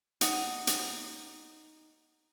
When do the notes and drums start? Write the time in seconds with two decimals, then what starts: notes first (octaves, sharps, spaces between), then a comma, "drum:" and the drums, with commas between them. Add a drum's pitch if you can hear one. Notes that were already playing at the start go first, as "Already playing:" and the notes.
0.21 D#4 F#5, drum: hi-hat
0.67 drum: hi-hat